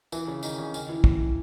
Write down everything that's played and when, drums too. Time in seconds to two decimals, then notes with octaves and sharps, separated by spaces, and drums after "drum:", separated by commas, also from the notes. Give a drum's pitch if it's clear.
0.12 E3 E4, drum: tambourine
0.27 C#3 C#4
0.43 D#3 D#4, drum: tambourine
0.59 C#3 C#4
0.74 D#3 D#4, drum: tambourine
0.89 E3 E4
1.04 drum: kick